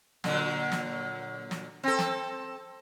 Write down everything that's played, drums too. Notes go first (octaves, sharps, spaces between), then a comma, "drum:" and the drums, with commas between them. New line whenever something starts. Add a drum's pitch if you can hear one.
A#2 D3 F#3, drum: snare
drum: snare
drum: snare
C4 A4
drum: snare